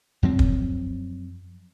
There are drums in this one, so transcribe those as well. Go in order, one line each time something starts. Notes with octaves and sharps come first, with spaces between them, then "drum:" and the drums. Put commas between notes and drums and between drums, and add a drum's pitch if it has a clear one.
F#2 F3 C4
drum: kick